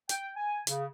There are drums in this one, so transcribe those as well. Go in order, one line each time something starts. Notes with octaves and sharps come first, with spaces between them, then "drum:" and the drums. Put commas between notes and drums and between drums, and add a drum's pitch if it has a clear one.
G5, drum: hi-hat
G#5
C#3, drum: hi-hat